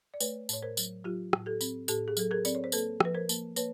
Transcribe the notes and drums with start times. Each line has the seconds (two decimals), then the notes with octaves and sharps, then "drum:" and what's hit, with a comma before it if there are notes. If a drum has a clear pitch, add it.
0.14 D5
0.20 A3 B4 C#5, drum: tambourine
0.49 A2 C#5, drum: tambourine
0.63 A#4 C5
0.77 F#3, drum: tambourine
1.04 F#3 F4 G4
1.33 A2, drum: rim click
1.46 G4 A4
1.61 C4, drum: tambourine
1.88 A2 G4 A4, drum: tambourine
2.08 G#4
2.17 F#3 A4, drum: tambourine
2.31 G#4 A#4
2.45 C4 D5, drum: tambourine
2.55 C#5
2.64 C5
2.72 A#3 A4 B4, drum: tambourine
3.00 F3 B4, drum: rim click
3.15 A#4 C5
3.29 A#3, drum: tambourine
3.56 A#3 B4 C#5, drum: tambourine